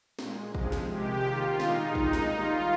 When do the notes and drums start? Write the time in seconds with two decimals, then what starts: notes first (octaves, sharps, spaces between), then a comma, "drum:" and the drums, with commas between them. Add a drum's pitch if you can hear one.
0.19 A#2 G#3, drum: snare
0.55 C3 F3 G#3, drum: kick
0.72 drum: snare
0.90 C3 D#3 G#3 G4
1.25 D#3 A#3 F4
1.60 A#2 G#3 D#4, drum: snare
1.95 D#3 G#3 D#4, drum: kick
2.13 drum: snare
2.31 D#3 G3 A#3 F4